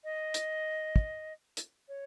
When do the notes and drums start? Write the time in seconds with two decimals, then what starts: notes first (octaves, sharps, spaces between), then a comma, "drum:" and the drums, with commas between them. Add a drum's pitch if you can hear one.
0.03 D#5
0.34 drum: hi-hat
0.96 drum: kick
1.57 drum: hi-hat
1.88 C#5